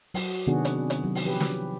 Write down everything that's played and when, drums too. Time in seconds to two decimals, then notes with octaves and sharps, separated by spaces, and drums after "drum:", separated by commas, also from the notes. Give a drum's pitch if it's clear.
0.14 F#3 F#4, drum: open hi-hat
0.47 C3 D#3 B3 D4 F#4 G#4
0.65 drum: hi-hat
0.90 drum: hi-hat
1.04 F#3
1.15 drum: open hi-hat
1.26 F3 G4 B4
1.40 drum: snare